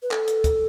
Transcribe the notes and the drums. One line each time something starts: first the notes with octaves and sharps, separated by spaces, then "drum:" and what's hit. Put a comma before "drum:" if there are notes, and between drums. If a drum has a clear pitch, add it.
B4
A4, drum: clap
drum: hi-hat
drum: kick, hi-hat